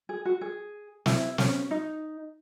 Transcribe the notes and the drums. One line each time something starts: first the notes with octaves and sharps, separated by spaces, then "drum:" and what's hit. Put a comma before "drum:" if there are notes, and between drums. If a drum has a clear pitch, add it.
G#4
F#4
G#4
E4, drum: snare
C#4, drum: snare
D#4